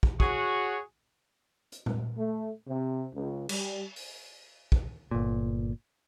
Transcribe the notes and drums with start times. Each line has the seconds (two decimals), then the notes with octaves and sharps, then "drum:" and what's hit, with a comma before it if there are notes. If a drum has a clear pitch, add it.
0.03 drum: kick
0.20 F#4 G#4 C#5, drum: kick
1.72 drum: hi-hat
1.86 drum: tom A#2
2.18 A3
2.67 C3
3.14 C#2
3.49 G3, drum: cymbal
3.96 drum: open hi-hat
4.72 drum: kick
5.11 G1 A#2